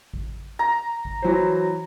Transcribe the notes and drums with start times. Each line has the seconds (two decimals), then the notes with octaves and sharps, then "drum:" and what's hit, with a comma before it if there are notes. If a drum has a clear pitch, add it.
0.14 drum: kick G#1
0.59 A#5
1.05 drum: kick G#1
1.22 E3 F#3 C5